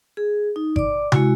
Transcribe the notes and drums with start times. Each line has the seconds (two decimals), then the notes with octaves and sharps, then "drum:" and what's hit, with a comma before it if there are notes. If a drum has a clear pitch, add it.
0.17 G#4
0.56 D#4
0.76 D5 D6, drum: kick G#1
1.12 G#3 E4 F#4, drum: tom C3